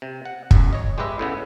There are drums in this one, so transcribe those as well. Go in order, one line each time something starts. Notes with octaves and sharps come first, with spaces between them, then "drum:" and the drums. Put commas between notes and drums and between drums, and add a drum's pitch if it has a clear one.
C3
F#5
B1 F#2, drum: kick
C#5 D#5
G#3 G4 G#4 B4 D#5 E5
A2 C#3 B3